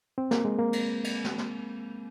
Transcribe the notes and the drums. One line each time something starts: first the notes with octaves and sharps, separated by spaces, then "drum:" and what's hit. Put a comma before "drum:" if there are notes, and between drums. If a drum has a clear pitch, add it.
C4
A#3, drum: snare
G#3
A#3
drum: cymbal
drum: cymbal
drum: snare
drum: snare